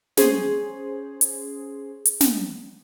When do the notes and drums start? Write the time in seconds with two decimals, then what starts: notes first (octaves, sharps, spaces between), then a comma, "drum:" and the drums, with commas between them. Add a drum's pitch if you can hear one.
0.17 C#4 G#4 C5, drum: snare
1.21 drum: hi-hat
2.05 drum: hi-hat
2.21 drum: snare